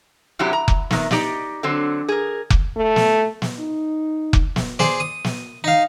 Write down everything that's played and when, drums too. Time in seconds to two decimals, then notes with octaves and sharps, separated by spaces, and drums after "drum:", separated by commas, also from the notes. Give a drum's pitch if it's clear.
0.39 F#2 C3 F#3 E4 G4
0.53 A#5
0.68 drum: kick F1
0.91 C3 D#3, drum: snare
1.11 D#4 G4 D5 D#5, drum: snare
1.63 D3 F#3 C4 C5
2.09 G#4 A#4
2.50 drum: kick F1
2.76 A3
2.96 drum: snare
3.42 drum: snare
3.59 D#4
4.33 drum: kick F1
4.56 drum: snare
4.79 G#4 C5 D5, drum: snare
5.00 D#6
5.24 drum: snare
5.64 D#4 F5